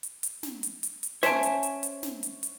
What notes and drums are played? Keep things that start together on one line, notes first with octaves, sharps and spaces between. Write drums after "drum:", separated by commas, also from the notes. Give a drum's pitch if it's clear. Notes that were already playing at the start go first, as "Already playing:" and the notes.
drum: hi-hat
drum: hi-hat
drum: snare
drum: hi-hat
drum: hi-hat
drum: hi-hat
C#4 C5 C#5 E5 G#5 A5 B6, drum: snare
drum: hi-hat
drum: hi-hat
drum: hi-hat
drum: snare
drum: hi-hat
drum: hi-hat